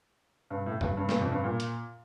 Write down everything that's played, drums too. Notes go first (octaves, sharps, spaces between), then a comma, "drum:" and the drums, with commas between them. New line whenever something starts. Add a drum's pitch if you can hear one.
G2
A2
G2, drum: tom E2
G2
G2, drum: snare
F2
G2
A#2
drum: hi-hat